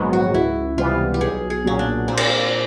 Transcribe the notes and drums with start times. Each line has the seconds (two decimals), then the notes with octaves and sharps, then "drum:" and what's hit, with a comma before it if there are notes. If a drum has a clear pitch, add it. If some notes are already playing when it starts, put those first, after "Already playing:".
Already playing: A#1 G#2 D#3 F#3 B3
0.13 F#4
0.34 C#2 E4
0.77 C3 E3 G3 B3 F4
1.14 G4
1.21 B1 G#4
1.50 G#4
1.64 A#2 F#3 C#4
1.79 D4
2.07 A#2 C4
2.17 drum: cymbal